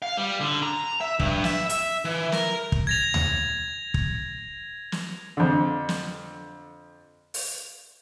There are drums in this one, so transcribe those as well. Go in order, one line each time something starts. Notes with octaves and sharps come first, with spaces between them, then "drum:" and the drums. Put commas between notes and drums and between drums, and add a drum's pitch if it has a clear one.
F5
G3
D3
A#5
E5
G2, drum: kick
E5, drum: snare
E5, drum: hi-hat
E3
A#4, drum: snare
drum: kick
G#6 A#6 F7
drum: tom D2
drum: kick
drum: snare
F2 D3
drum: snare
drum: open hi-hat